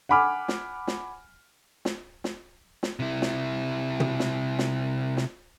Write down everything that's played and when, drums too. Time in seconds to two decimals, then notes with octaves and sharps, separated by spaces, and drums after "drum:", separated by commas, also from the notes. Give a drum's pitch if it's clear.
0.09 F#5 G#5 B5 D6 F6
0.48 drum: snare
0.87 drum: snare
1.85 drum: snare
2.24 drum: snare
2.83 drum: snare
2.99 C3 E4
3.22 drum: snare
4.00 drum: tom
4.19 drum: snare
4.59 drum: snare
5.17 drum: snare